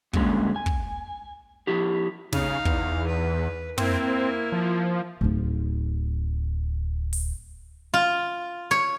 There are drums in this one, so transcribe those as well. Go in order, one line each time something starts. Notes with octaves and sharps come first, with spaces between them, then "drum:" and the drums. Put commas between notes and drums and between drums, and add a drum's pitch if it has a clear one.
G2 A#2 D3 G#3 C#4, drum: kick
G#5
drum: kick
F3 E4 G4
C#3 D#4 F5, drum: snare
E2, drum: kick
B4
A#3 C4 E4, drum: tom
F3
D1 D#4
drum: open hi-hat
F4
C#5